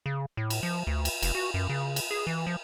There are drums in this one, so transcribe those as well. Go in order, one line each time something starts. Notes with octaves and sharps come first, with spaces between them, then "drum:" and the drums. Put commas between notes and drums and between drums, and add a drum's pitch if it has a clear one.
C#3
A2
drum: cymbal
F3
D2
drum: cymbal
F1, drum: cymbal
F#4
F#2
C#3
drum: cymbal
G#4
E3
F3